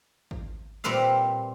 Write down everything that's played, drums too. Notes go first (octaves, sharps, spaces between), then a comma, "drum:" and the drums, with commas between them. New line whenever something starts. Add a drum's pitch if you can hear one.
drum: kick
A#2 G3 C4 B4 E5 F5